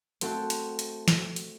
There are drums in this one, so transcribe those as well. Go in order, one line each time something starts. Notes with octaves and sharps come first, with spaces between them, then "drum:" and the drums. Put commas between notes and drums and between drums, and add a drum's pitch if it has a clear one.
A3 C4 F#4 A4, drum: hi-hat
drum: hi-hat
drum: hi-hat
drum: snare
drum: hi-hat